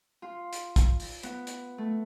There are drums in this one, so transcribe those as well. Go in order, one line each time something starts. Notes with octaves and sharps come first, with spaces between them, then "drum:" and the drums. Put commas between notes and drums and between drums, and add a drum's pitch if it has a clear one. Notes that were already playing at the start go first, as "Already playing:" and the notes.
F4
drum: hi-hat
drum: kick, hi-hat
drum: open hi-hat
B3, drum: hi-hat
drum: hi-hat
A3